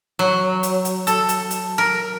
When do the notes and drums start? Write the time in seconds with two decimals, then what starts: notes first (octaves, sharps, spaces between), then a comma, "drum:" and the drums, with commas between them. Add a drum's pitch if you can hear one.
0.19 F#3
0.63 drum: hi-hat
0.85 drum: hi-hat
1.07 A4, drum: hi-hat
1.29 drum: hi-hat
1.51 drum: hi-hat
1.78 A#4